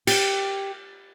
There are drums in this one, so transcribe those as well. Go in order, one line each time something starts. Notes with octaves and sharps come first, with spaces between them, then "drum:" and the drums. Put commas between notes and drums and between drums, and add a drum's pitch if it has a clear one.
G4, drum: cymbal